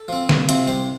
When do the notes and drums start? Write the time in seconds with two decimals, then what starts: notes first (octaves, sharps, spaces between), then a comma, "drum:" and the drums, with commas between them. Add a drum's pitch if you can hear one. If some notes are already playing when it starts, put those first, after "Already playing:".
Already playing: A4
0.08 F3 C4
0.29 C2, drum: snare
0.49 C3 F3 C4, drum: hi-hat
0.68 C2 G4 C5